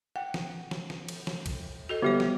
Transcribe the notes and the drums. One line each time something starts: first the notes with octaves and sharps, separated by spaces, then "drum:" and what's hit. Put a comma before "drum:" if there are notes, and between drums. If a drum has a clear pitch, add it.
F#5 G5
drum: snare
drum: snare
drum: snare
drum: cymbal
drum: snare
drum: kick, cymbal
F#4 A4 D#5
D3 G3 B3 F#4 G4 C#5
drum: snare